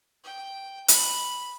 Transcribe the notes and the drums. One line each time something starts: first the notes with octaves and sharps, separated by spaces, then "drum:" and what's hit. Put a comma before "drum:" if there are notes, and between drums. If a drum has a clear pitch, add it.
G5
B5, drum: hi-hat